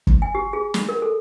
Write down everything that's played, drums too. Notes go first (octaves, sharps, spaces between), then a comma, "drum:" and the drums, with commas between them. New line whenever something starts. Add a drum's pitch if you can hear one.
drum: kick
G#5
G4
G#4
B5, drum: snare
A#4
A4